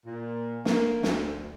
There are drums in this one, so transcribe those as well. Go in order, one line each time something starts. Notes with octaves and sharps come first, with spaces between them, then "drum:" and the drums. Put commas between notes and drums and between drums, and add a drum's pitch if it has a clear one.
A#2
A#3, drum: snare
D2, drum: snare